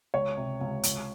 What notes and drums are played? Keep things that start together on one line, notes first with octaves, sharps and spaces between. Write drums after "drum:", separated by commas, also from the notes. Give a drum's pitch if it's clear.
C#2 C#5
C3
C#2
C#2, drum: hi-hat